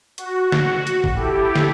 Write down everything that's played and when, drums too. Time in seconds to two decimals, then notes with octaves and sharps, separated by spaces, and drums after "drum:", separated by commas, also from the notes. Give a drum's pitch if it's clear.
0.18 F#4, drum: hi-hat
0.52 drum: snare
0.87 drum: hi-hat
1.04 drum: kick
1.14 E4 G4 A4
1.55 drum: snare